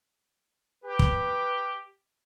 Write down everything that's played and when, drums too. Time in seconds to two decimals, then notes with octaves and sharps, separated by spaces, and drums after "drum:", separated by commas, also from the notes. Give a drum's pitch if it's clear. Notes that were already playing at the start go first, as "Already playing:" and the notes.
0.84 G4 B4
0.99 drum: kick